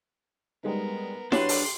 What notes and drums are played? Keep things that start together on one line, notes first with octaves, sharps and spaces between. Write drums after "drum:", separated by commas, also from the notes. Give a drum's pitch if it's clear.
G3 G#3 B3 D#4 A#4
F#3 D4 G4 B4 C6, drum: snare E4
drum: open hi-hat